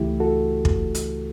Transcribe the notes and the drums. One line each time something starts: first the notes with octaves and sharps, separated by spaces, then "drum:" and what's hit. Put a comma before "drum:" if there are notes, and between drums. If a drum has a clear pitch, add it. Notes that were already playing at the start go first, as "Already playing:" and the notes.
Already playing: C#2 C#3 E3 A3 E4 G4
F#4 A4
drum: kick
drum: hi-hat